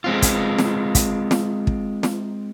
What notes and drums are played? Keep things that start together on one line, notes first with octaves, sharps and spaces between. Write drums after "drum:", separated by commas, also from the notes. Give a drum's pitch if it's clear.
G#3 C4 F4
drum: kick, hi-hat
drum: snare
drum: kick, hi-hat
drum: snare
drum: kick
drum: snare